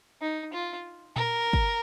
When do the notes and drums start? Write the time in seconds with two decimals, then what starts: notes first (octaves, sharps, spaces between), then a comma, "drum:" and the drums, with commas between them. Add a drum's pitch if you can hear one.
0.21 D#4
0.53 F4
1.16 A#4, drum: tom A#2
1.53 drum: kick